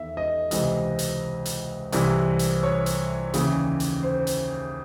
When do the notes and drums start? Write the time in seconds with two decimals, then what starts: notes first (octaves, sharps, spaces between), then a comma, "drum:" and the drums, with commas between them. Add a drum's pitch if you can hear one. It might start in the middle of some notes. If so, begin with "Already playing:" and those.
Already playing: E2 D#3 E5
0.17 D#5
0.51 C#2 C3 E3 D#5, drum: hi-hat
0.99 drum: hi-hat
1.45 drum: hi-hat
1.92 C2 C3 E3, drum: hi-hat
2.39 drum: hi-hat
2.63 C#5
2.86 drum: hi-hat
3.34 D#2 C#3 E3, drum: hi-hat
3.80 drum: hi-hat
4.03 C5
4.27 drum: hi-hat